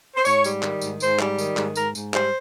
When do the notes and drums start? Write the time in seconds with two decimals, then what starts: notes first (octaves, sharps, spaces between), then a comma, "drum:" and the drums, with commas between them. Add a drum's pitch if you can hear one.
0.15 C5
0.25 G#2 C#5, drum: tambourine
0.44 G3, drum: tambourine
0.63 D#3, drum: clap
0.81 G#2, drum: tambourine
1.00 G#2 C5, drum: tambourine
1.19 G3, drum: clap
1.38 D#3, drum: tambourine
1.57 G#2, drum: clap
1.76 G#2 A#4, drum: tambourine
1.95 G#2, drum: tambourine
2.14 G3 C5, drum: clap